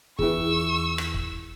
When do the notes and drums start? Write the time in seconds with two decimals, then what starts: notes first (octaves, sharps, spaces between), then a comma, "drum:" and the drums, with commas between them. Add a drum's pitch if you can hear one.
0.19 E2 E3 C#4 F4 G#4 C#6 E6, drum: kick
0.98 drum: rim click
1.14 drum: kick